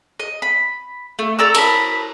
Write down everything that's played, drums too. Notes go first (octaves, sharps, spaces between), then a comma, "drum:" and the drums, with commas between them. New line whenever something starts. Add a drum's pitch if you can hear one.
D#5
B5
A3
A4 D5 A#5 E6
A#4 A5 B5, drum: cymbal